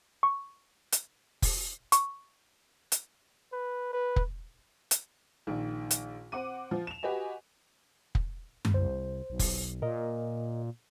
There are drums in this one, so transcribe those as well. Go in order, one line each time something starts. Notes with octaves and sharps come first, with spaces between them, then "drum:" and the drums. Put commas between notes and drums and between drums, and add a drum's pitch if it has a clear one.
C#6
drum: hi-hat
drum: kick, open hi-hat
C#6, drum: hi-hat
drum: hi-hat
B4
B4
drum: kick
drum: hi-hat
A#1 D#3
drum: hi-hat
C4 F#5 D6 D#7
F3
E7 F7
F#4 G4 B4 D#5 G#5
drum: kick
drum: tom F#2
C2 C5
B1
drum: kick, open hi-hat
A#2 A#4 D#5